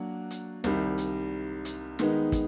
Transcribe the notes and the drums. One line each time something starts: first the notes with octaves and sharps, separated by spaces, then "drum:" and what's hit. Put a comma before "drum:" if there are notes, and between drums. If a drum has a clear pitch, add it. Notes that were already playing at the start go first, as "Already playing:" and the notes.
Already playing: F#3 A#3 D4 F#4
drum: hi-hat
C2 C3 D#3 G3, drum: snare
drum: hi-hat
drum: hi-hat
D#3 G#3 B3 D#4, drum: snare
drum: kick, hi-hat